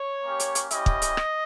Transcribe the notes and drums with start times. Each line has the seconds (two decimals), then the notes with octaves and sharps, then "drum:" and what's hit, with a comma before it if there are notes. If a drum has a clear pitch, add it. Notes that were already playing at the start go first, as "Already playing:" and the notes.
Already playing: C#5
0.24 A#3 C#4 G4
0.40 drum: hi-hat
0.55 drum: hi-hat
0.71 G3 C#4 E4 G4 D#5, drum: hi-hat
0.86 drum: kick
1.02 drum: hi-hat
1.17 drum: rim click